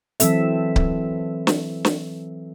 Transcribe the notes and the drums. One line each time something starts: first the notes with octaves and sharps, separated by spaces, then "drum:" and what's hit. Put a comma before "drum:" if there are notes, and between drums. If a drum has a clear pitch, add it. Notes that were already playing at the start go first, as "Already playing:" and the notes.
E3 F#3 C4 A4 E5, drum: hi-hat
drum: kick C#1
drum: snare
drum: snare